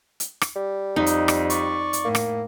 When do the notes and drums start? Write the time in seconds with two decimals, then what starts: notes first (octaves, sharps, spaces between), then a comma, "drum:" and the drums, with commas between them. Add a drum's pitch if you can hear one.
0.20 drum: hi-hat
0.41 drum: rim click
0.56 G3
0.96 F2 D#4
1.06 drum: hi-hat
1.28 drum: rim click
1.50 D5 C#6, drum: hi-hat
1.93 drum: hi-hat
2.05 A2 A#3
2.15 drum: rim click